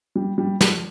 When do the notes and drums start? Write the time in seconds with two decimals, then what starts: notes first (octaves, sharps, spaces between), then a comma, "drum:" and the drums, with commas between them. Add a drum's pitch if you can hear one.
0.16 G3
0.38 G3
0.61 F3, drum: snare